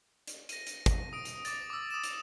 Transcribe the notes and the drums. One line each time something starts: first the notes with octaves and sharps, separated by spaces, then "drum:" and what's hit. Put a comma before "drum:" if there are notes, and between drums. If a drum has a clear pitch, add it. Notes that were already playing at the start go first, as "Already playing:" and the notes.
drum: hi-hat
A#6 D#7, drum: hi-hat
drum: hi-hat
drum: kick, hi-hat
D#6 D7
drum: hi-hat
D6 A6, drum: hi-hat
D6 E6
D#6 E7
drum: hi-hat